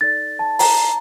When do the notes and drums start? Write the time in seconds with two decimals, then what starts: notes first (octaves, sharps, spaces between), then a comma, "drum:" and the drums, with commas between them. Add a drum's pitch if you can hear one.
0.01 D#4 A4 D5 A6
0.39 A5
0.59 A#5, drum: open hi-hat